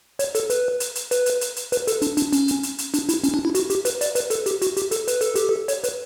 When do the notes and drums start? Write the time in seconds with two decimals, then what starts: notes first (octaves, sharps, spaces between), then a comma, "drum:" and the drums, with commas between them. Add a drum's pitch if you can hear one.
0.19 C#5, drum: hi-hat
0.35 A4, drum: hi-hat
0.50 B4, drum: hi-hat
0.80 drum: hi-hat
0.95 drum: hi-hat
1.11 B4, drum: hi-hat
1.26 drum: hi-hat
1.41 drum: hi-hat
1.56 drum: hi-hat
1.72 B4, drum: hi-hat
1.87 A4, drum: hi-hat
2.02 D4, drum: hi-hat
2.17 D4, drum: hi-hat
2.33 C#4, drum: hi-hat
2.48 drum: hi-hat
2.63 drum: hi-hat
2.78 drum: hi-hat
2.94 D4, drum: hi-hat
3.09 E4, drum: hi-hat
3.24 C#4, drum: hi-hat
3.34 D4
3.45 E4
3.55 F#4, drum: hi-hat
3.70 G4, drum: hi-hat
3.85 B4, drum: hi-hat
4.01 D5, drum: hi-hat
4.15 B4, drum: hi-hat
4.30 A4, drum: hi-hat
4.46 G4, drum: hi-hat
4.62 F#4, drum: hi-hat
4.77 G4, drum: hi-hat
4.91 A4, drum: hi-hat
5.08 B4, drum: hi-hat
5.21 A4, drum: hi-hat
5.35 G4, drum: hi-hat
5.49 A4
5.68 C#5, drum: hi-hat
5.84 B4, drum: hi-hat